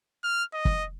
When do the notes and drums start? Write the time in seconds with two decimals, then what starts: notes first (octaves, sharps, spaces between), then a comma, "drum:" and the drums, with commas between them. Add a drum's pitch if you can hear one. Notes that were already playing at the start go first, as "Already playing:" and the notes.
0.24 F6
0.53 D#5
0.65 drum: kick